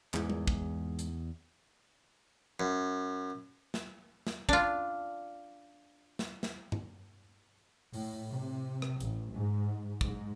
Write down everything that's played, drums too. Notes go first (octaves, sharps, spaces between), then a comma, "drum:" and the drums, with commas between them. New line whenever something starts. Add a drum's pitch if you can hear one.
E2 G#2 E3, drum: clap
drum: tom G3
drum: kick
drum: hi-hat
F#2
drum: snare
drum: snare
D4 F4, drum: kick
drum: snare
drum: snare
drum: tom G2
A2, drum: open hi-hat
C3
drum: rim click
A1, drum: hi-hat
G#2
G#2, drum: kick